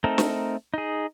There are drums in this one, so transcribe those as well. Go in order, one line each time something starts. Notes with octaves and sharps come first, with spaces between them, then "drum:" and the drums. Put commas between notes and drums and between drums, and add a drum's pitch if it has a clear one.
A3 C4 D#4 A4 A#4
drum: snare
D#4 G#4